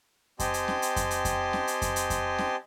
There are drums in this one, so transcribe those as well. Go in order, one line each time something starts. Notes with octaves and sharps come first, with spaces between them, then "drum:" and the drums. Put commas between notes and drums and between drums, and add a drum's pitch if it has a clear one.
C4 G4 D#5 G#5 A5 C6, drum: kick F2, hi-hat
drum: hi-hat
drum: snare C#4
drum: hi-hat
drum: kick F2, hi-hat
drum: hi-hat
drum: kick F2, hi-hat
drum: snare C#4
drum: hi-hat
drum: kick F2, hi-hat
drum: hi-hat
drum: kick F2, hi-hat
drum: snare C#4